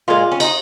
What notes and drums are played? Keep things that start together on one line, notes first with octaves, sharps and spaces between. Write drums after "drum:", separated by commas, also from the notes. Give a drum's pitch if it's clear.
A#2 G#3 F4
C#4
D#4, drum: cymbal